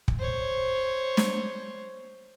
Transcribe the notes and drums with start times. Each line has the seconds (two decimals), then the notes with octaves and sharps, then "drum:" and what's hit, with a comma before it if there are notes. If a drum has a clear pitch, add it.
0.08 drum: kick
0.19 C5 C#5
1.17 drum: snare